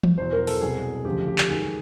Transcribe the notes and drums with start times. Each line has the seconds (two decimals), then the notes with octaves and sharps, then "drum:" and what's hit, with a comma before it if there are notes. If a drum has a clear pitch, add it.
0.03 drum: tom E3
0.18 E2 B2 F#3 C5
0.33 A#4
0.47 A4, drum: open hi-hat
0.61 C2 B2 F#3 G#4
1.05 D2 C#3 F3 G4
1.28 G4
1.38 drum: clap
1.49 G#2 D#3 F#3 G#4